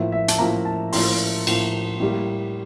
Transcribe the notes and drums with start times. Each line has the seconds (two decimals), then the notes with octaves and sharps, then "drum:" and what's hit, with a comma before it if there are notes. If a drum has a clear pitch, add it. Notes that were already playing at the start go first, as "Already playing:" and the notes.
Already playing: A2 F3 A#3 E5
0.12 E5
0.28 A5, drum: hi-hat
0.38 A2 F3 A#3 A#5
0.65 A5
0.93 A2 F3 A#3 C6, drum: open hi-hat
1.47 A2 F3 A#3, drum: cymbal
2.00 A2 G3 A#3